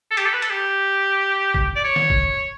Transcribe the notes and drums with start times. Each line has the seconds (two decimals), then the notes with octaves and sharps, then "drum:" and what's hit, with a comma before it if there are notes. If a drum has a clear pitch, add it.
0.11 A4
0.17 G4, drum: hi-hat
0.25 A4
0.33 B4
0.42 A4, drum: hi-hat
0.50 G4
1.54 drum: kick
1.76 D5
1.84 C#5
1.96 drum: snare
2.10 drum: kick